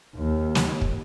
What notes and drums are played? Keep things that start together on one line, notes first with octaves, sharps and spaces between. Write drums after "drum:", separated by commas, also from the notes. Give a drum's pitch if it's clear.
D#2
drum: snare
drum: kick